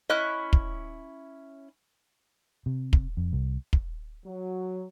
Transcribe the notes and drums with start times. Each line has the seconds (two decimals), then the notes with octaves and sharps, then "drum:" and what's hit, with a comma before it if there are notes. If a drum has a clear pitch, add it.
0.10 C#4 E4 D#5 F#6
0.53 drum: kick
2.66 C3
2.93 drum: kick
3.17 F2
3.33 C2
3.73 drum: kick
4.25 F#3